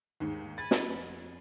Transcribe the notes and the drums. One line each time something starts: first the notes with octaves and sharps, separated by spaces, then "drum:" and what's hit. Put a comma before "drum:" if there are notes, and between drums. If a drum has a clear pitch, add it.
D#2 G#2
G#5 B5 A6
drum: snare
F2